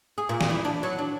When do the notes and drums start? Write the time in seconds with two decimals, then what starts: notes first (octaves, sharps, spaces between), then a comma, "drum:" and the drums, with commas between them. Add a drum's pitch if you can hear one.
0.18 G#4
0.29 A#2
0.41 drum: snare
0.50 E4
0.65 D4
0.83 F#3
0.99 D4